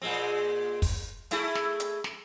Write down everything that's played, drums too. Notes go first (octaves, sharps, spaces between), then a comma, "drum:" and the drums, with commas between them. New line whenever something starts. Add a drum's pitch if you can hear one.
A#2 G#3 C4
drum: kick, open hi-hat
A3 E4 G#4, drum: hi-hat
drum: snare
drum: hi-hat
drum: snare